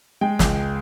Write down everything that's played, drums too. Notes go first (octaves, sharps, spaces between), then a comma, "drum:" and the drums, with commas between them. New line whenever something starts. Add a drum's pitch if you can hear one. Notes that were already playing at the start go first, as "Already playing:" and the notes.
G#3 G5
C#2, drum: snare